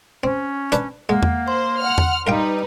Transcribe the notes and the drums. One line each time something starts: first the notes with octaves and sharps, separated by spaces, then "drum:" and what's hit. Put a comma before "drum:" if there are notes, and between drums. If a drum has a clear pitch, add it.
C4 C#4
D4 B4, drum: hi-hat
G#3 A#3 F#5
drum: tom E2
C5 C6
F#5 F6
drum: tom E2
G3 D#4 A#4 B4 F5 G5